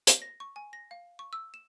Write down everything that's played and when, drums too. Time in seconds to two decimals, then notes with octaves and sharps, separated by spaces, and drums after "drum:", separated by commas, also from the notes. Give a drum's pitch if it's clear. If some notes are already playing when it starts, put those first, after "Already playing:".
0.07 drum: hi-hat
0.22 A#6
0.40 C#6
0.56 G#5
0.73 A#6
0.91 F5
1.19 C#6
1.33 E6
1.54 E7